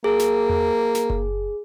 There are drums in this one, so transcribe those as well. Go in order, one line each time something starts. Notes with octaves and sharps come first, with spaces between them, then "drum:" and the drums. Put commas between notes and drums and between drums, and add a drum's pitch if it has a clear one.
A#3 G#4
drum: snare
drum: tom E2
drum: snare
drum: kick F#1